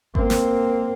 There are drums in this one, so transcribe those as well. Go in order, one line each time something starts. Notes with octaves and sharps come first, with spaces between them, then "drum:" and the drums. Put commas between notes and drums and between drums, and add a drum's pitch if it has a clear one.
A#3 C4, drum: kick G#1
drum: snare